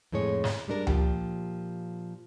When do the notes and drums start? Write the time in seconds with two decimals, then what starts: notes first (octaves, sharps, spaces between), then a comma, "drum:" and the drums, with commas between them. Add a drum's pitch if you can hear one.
0.12 F2 A2 G#3 G#4 C#5
0.44 drum: snare
0.68 G3 G#3 D4 A#4
0.87 A#2 F3 G4, drum: tom C#2